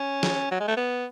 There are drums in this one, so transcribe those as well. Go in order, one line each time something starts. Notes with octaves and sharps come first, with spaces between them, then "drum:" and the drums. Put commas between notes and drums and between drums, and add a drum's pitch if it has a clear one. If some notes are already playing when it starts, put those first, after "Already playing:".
Already playing: C#4
drum: snare
F#3
G#3
A3
B3